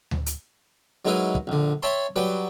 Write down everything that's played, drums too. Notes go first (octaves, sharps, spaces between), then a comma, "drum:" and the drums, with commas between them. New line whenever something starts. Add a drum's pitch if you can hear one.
drum: tom D2
drum: hi-hat
F#3 G#3 D#4 E4 A#4 B4
drum: kick
A#1 D3
C#5 E5 G5 A5 B5 C6
F#3 G3 B4 G5